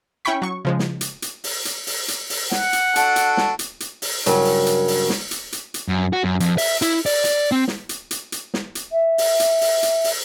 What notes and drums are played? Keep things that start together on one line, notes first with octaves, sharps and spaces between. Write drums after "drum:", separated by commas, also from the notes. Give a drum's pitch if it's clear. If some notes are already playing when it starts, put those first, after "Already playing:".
C#4 E4 G5 B5 C#6 B6
F#3 C#6
C#3 F3 G#3
drum: snare
drum: hi-hat
drum: hi-hat
drum: open hi-hat
drum: hi-hat
drum: open hi-hat
drum: hi-hat
drum: open hi-hat
F#5, drum: snare
drum: hi-hat
D4 F#4 A4, drum: hi-hat
drum: hi-hat
drum: snare
drum: hi-hat
drum: hi-hat
drum: open hi-hat
G2 C#3 F#3 A#4, drum: hi-hat
drum: open hi-hat
drum: hi-hat
drum: open hi-hat
drum: snare
drum: hi-hat
drum: hi-hat
drum: hi-hat
F#2
F#4
F#2
F2, drum: hi-hat
E5, drum: open hi-hat
E4, drum: hi-hat
D5, drum: open hi-hat
D5, drum: hi-hat
C4
drum: snare
drum: hi-hat
drum: hi-hat
drum: hi-hat
drum: snare
drum: hi-hat
E5
drum: open hi-hat
drum: hi-hat
drum: open hi-hat
drum: hi-hat
drum: open hi-hat